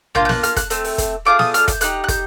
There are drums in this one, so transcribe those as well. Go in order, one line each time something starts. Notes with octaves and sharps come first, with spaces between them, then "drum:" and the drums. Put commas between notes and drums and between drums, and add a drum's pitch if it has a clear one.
A#3 D4 F4 G6, drum: tom A#1
G6
F#6, drum: snare
F6, drum: hi-hat
F#6, drum: kick, hi-hat
A3 C4, drum: hi-hat
drum: open hi-hat
drum: kick, hi-hat
A3 D4 F4 G#4 D6
D#6, drum: snare
F6, drum: hi-hat
G6, drum: kick, hi-hat
A#3 D#4 G4 F#6, drum: hi-hat
F#6
G6, drum: kick, hi-hat